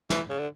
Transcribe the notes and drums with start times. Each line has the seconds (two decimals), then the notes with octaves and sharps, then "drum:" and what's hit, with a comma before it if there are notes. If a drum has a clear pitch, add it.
0.10 E3, drum: snare
0.29 C#3
0.39 D3